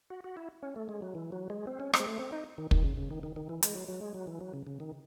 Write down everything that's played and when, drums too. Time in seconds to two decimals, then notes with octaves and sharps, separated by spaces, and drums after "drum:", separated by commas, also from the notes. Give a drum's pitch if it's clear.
0.10 F#4
0.24 F#4
0.37 E4
0.63 C#4
0.76 A3
0.89 G#3
1.02 F#3
1.15 E3
1.32 F#3
1.50 G#3
1.67 C4
1.80 C#4
1.93 C4, drum: rim click
2.00 G#3
2.06 A3
2.19 C4
2.32 D#4
2.58 D#3
2.71 D#3, drum: kick
2.84 C#3
2.97 C#3
3.11 D#3
3.23 D#3
3.36 D#3
3.49 E3
3.63 G#3, drum: hi-hat
3.75 F#3
3.88 F#3
4.01 G#3
4.14 F#3
4.27 E3
4.41 F#3
4.54 C#3
4.67 C#3
4.80 D#3